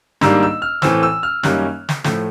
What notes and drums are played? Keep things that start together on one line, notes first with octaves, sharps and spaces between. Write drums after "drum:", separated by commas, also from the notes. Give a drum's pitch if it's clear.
G#2 D#3 G3 A#3 D4 E6, drum: snare
E6
F6
A2 E3 A3 C4 E6, drum: snare
E6
F6
F#2 D#3 G3 A#3 C#4 F#6, drum: snare
drum: snare
A2 F3 A3, drum: snare